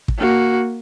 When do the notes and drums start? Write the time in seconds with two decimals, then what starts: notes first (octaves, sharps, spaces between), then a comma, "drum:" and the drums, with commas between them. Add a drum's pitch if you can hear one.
0.08 drum: kick
0.18 A#3 F#4